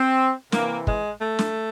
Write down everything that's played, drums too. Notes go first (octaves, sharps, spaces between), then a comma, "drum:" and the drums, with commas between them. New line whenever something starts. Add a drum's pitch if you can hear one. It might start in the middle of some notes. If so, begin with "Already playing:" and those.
Already playing: C4
C3 E3 A#3, drum: snare
G#3, drum: kick
A3
drum: snare